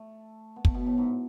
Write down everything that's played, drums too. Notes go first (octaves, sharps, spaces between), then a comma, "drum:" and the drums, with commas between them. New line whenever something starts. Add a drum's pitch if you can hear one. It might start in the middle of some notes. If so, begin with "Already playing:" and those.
Already playing: A3
B3
A3, drum: kick
B2
A2
G#2